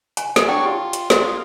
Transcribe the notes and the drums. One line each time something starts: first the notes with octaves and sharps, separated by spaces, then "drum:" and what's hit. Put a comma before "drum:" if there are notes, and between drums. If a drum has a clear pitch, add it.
G#5, drum: hi-hat
drum: snare
D4 C#5 G5
F4 G4
drum: hi-hat
F4, drum: snare
D#6